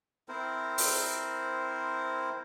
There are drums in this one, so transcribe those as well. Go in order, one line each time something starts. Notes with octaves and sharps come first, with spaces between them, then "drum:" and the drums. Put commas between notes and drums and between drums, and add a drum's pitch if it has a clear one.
C4 E4 A#4 C5
drum: open hi-hat